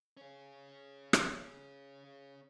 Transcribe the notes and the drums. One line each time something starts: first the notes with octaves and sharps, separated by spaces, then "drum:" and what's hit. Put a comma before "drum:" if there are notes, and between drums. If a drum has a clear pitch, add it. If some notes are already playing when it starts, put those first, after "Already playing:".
C#4 G#4
drum: rim click